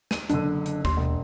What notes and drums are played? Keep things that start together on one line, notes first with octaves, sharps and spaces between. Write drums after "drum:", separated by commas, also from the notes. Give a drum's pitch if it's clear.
D#7, drum: snare
F#1 D3 D4, drum: hi-hat
drum: hi-hat
D#2 C6, drum: kick
E1